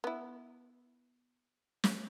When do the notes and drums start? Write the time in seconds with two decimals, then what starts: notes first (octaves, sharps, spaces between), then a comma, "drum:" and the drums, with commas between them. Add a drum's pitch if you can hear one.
0.04 B3 E4
1.84 drum: snare